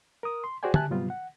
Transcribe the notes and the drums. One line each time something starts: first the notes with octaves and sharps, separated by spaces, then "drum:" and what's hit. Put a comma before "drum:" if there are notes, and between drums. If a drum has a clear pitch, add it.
A#4 D#6
C6
F#4 G#4 C5 D5 G5 G#5
G4 E5 G#5 A5 F#6, drum: tom D3
G#2 C3 F#3 G3 B3 F4
F#5